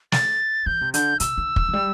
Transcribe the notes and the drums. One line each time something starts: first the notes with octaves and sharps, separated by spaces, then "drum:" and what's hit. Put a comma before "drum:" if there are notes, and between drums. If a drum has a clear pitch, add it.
A6, drum: snare
E3 G6
C3
D3 G6, drum: hi-hat
C3 E6, drum: hi-hat
D3
E3, drum: kick
E3
G3